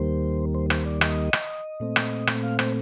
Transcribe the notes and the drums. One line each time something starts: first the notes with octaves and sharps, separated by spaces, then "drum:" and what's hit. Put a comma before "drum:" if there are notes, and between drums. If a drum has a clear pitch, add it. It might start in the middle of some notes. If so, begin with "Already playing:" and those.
Already playing: D#2 D#3 G3 A#3 C5
C5
C5, drum: rim click
D5
D#5, drum: rim click
drum: rim click
A#2 A3 C4
drum: rim click
drum: rim click
F5
C5, drum: rim click